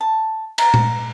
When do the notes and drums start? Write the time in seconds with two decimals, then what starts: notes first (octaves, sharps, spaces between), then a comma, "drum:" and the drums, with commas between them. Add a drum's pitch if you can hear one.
0.01 A5
0.58 A#5, drum: cymbal
0.74 drum: tom A#2